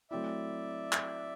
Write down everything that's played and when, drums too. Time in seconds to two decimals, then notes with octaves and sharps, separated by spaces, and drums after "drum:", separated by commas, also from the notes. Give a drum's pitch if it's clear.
0.10 F#3 A3 C4 E4 D5 E5
0.92 drum: clap